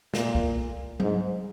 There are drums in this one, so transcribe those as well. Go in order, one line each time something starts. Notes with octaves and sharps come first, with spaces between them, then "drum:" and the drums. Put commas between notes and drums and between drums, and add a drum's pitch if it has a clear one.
A#2, drum: snare
drum: kick
G#2, drum: tom F#3